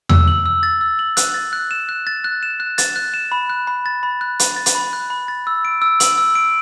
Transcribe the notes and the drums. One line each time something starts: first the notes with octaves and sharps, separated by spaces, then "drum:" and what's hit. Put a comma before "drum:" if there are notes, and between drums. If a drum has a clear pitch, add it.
E6, drum: tom E2
F#7
E6
A6
E6
F#7
F#6, drum: hi-hat
A6
F#6
E7
F#6
A6
F#6
E7
F#6
A6, drum: hi-hat
F#6
E7
B5
F#6
B5
A6
B5
F#6
B5, drum: hi-hat
A6
drum: hi-hat
B5
F#6
B5
A6
E6
D7
E6
F#7, drum: hi-hat
E6
D7